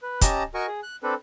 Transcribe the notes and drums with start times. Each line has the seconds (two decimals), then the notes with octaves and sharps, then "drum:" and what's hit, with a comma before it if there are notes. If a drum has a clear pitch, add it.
0.02 B4
0.21 C#4 G4 D#5 A5 A#5, drum: kick, hi-hat
0.54 F#4 A#4 D#5 G#5 C#6
0.67 G#4
0.83 F#6
1.03 C4 D4 A4 B4